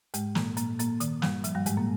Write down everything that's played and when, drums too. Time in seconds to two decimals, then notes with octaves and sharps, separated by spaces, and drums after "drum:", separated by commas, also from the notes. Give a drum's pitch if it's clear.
0.14 G#2 G#3, drum: hi-hat
0.35 A#2 A#3, drum: snare
0.57 A#2 A#3, drum: hi-hat
0.79 A#2 A#3, drum: hi-hat
1.00 D#3, drum: hi-hat
1.22 G2 G3, drum: snare
1.44 F3, drum: hi-hat
1.55 G2 G3
1.66 G#2 G#3, drum: hi-hat
1.77 A#2 A#3